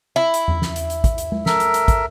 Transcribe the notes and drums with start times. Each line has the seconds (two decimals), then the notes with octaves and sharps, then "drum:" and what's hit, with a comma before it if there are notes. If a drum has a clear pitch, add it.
0.16 E4
0.34 drum: hi-hat
0.48 drum: tom E2
0.62 drum: snare
0.76 drum: hi-hat
0.90 drum: hi-hat
1.04 drum: kick, hi-hat
1.18 drum: hi-hat
1.32 drum: tom G#3
1.46 A4 A#4 E5, drum: snare
1.60 drum: hi-hat
1.74 drum: hi-hat
1.88 drum: kick, hi-hat